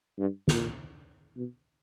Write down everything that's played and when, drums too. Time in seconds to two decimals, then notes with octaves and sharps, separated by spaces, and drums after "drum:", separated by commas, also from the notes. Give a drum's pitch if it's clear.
0.19 G2
0.48 A#2, drum: snare
1.37 B2